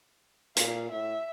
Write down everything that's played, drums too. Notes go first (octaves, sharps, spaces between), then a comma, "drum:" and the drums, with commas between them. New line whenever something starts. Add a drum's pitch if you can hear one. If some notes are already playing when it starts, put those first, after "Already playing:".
A#2 F5, drum: hi-hat
A2 E5